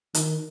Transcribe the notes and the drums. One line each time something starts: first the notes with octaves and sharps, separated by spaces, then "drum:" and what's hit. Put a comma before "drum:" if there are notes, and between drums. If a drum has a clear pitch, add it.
D#3, drum: hi-hat